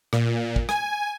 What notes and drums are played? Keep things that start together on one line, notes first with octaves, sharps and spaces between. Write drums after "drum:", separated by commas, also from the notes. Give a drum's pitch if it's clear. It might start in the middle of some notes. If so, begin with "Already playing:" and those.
A#2, drum: rim click
drum: kick
G#5, drum: rim click